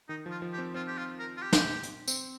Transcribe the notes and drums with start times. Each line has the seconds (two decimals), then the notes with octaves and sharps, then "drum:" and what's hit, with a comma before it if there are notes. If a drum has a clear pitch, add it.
0.09 D#3 D#4
0.26 F3
0.31 F4
0.42 F3
0.53 G4
0.58 C4
0.74 C4 F4
0.87 G4
0.97 F4
1.19 A#4
1.37 F4
1.42 G4
1.53 drum: snare
1.83 drum: hi-hat
2.08 C4, drum: tambourine